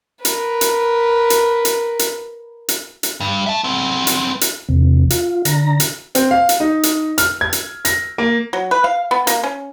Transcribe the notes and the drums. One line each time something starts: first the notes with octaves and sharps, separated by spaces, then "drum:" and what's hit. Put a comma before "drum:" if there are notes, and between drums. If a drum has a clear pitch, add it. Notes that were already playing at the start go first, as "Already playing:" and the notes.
A#4 B4, drum: hi-hat
drum: hi-hat
drum: hi-hat
drum: hi-hat
drum: hi-hat
drum: hi-hat
drum: hi-hat
G2
E5 A5
B3 C4
drum: hi-hat
drum: hi-hat
E2 C3
F4, drum: hi-hat
D3 A#5, drum: hi-hat
drum: hi-hat
C4, drum: hi-hat
F5
drum: hi-hat
D#4
drum: hi-hat
F6, drum: hi-hat
G#6
drum: hi-hat
A#6, drum: hi-hat
A#3
F#3
B4
F5
B3
A#3, drum: hi-hat
C#4